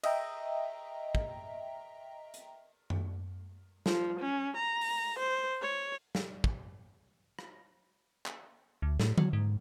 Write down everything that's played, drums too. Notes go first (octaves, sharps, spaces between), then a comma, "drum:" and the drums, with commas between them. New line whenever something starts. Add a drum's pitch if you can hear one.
D#5 E5 G5 A#5, drum: cymbal
drum: kick
drum: hi-hat
drum: tom F#2
F3, drum: snare
C#4
A#5
drum: open hi-hat
C5
C#5
drum: snare
drum: kick
drum: rim click
drum: clap
D2
A2, drum: snare
F#3, drum: tom D3
G#2